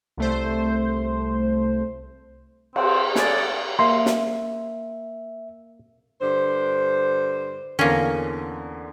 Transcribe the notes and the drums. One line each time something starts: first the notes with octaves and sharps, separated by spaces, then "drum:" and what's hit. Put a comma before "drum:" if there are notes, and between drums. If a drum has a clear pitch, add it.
C2 A3 C5
C4, drum: cymbal
G#4 A4 C#5 D5, drum: snare
A#3 E5 C6
drum: snare
G2 D3 C5
E2 D3 A#3 C#4